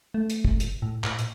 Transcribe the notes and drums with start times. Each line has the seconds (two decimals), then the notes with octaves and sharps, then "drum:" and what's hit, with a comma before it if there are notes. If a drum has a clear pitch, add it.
0.14 A3
0.30 drum: hi-hat
0.45 drum: kick
0.60 A#2, drum: hi-hat
0.82 A2
1.04 A2, drum: clap
1.19 A#2, drum: hi-hat